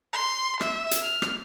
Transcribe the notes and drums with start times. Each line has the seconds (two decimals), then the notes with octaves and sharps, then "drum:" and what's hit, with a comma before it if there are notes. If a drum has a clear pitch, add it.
0.13 C6
0.61 E5, drum: rim click
0.91 drum: hi-hat
1.03 F6
1.22 drum: rim click